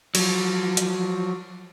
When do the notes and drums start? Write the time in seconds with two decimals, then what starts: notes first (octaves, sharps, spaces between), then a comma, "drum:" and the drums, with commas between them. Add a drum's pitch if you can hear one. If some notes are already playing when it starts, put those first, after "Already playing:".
0.15 F3 F#3, drum: cymbal
0.77 drum: hi-hat